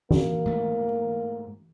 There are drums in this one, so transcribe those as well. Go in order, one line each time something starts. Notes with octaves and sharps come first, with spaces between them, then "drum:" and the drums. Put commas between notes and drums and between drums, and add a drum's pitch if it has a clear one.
A#3, drum: tom E3
G#2 A3